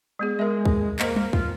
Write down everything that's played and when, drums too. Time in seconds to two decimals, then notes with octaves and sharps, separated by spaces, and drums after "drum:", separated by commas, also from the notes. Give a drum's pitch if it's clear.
0.19 G#3 B3 G#4
0.39 G#3 A#4 E5
0.66 drum: kick
0.99 A#3 A#4 C5 D#5, drum: clap
1.16 drum: tom G3
1.33 F4, drum: kick